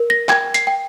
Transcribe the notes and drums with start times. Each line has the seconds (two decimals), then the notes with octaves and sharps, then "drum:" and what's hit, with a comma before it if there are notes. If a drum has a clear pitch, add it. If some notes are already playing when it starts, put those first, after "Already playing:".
Already playing: A#4
0.10 A#6
0.29 G5 G#6, drum: clap
0.54 C7, drum: hi-hat
0.67 G5